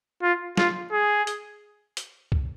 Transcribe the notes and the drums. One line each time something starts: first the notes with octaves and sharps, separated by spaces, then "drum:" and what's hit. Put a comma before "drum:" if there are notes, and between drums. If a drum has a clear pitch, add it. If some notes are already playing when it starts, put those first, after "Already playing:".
F4
F4, drum: snare
G#4
drum: hi-hat
drum: hi-hat
drum: kick C2